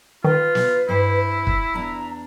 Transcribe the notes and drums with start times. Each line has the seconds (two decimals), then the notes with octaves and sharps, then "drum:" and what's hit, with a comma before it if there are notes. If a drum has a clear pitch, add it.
0.24 D#3 F4 B4
0.55 drum: snare
0.88 G2 E4 C5
1.47 drum: kick
1.74 E2 D4 A#5